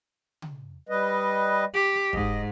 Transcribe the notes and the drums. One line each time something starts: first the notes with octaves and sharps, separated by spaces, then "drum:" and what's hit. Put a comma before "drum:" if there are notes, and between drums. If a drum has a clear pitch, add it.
drum: tom C#3
G3 B4 D#5
G4
G#2 D#5, drum: kick